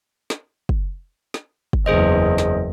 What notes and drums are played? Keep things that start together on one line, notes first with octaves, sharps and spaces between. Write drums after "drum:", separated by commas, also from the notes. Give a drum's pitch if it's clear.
drum: snare
drum: kick
drum: snare
drum: kick
F#1 E2 G#4 C5 D#5
drum: snare